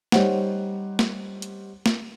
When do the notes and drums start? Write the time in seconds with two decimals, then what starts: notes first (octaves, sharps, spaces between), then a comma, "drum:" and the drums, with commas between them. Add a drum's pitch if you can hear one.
0.12 G3 D#4 G4 C5 C#5 F#5, drum: snare
0.99 drum: snare
1.42 drum: hi-hat
1.86 drum: snare